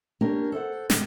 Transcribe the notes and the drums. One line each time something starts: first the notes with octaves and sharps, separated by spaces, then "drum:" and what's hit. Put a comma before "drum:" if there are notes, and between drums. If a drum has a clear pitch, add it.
A#3 C#4 D4 G4 A#4
A4 C5 D#5 F#5
G#2 C3 D#3 G#3, drum: snare